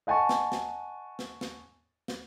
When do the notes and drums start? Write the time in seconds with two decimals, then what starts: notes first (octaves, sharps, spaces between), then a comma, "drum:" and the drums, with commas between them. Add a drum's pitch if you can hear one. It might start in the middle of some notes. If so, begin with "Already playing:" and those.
0.07 D#5 F#5 G#5 A5 C#6
0.29 drum: snare
0.52 drum: snare
1.19 drum: snare
1.41 drum: snare
2.08 drum: snare